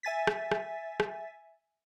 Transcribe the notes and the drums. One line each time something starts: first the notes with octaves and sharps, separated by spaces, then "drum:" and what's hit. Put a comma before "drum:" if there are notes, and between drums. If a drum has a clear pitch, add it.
E5 G#5 A6 B6
drum: rim click
drum: rim click
drum: rim click